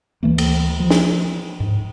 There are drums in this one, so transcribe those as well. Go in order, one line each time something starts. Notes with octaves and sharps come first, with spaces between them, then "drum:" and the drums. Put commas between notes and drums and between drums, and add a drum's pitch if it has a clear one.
D2 E3 A3 A#3
drum: cymbal
F3
drum: snare
G#2